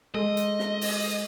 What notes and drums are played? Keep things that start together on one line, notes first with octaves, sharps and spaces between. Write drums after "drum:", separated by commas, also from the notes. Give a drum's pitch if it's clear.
G#3 A4 D#5 C6
drum: hi-hat
drum: snare
drum: open hi-hat